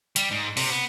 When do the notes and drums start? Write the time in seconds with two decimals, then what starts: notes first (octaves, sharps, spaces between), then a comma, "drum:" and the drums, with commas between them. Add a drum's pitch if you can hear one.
0.16 G3, drum: hi-hat
0.31 G#2
0.57 C3, drum: open hi-hat
0.70 B3